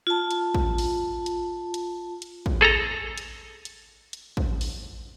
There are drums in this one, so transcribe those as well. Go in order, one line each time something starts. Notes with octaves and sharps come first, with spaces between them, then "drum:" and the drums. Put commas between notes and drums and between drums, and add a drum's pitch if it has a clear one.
F4 A5
drum: hi-hat
drum: kick
drum: open hi-hat
drum: hi-hat
drum: hi-hat
drum: hi-hat
drum: kick
G#4 A4 A5 A#5
drum: hi-hat
drum: hi-hat
drum: hi-hat
drum: kick
drum: open hi-hat